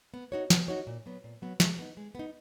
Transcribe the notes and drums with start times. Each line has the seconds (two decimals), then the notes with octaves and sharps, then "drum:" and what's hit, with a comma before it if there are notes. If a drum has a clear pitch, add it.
0.14 B3
0.32 D#4 F#4 C#5
0.50 B3, drum: snare
0.68 D#4 F#4 C#5
0.87 A#2
1.06 F#3 B3
1.24 A#2
1.42 F#3 B3
1.60 G#3, drum: snare
1.79 B3 D#4
1.97 G#3
2.15 B3 D#4